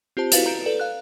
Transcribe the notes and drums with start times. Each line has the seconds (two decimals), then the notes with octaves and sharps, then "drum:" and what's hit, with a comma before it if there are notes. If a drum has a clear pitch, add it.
0.17 C4 F4 G4 C5 A5
0.32 E4 F#4 B4 F5 A6 F#7, drum: hi-hat
0.46 A#5 G6 C#7 D7 E7
0.66 A4 B4 D5
0.80 F5 F#6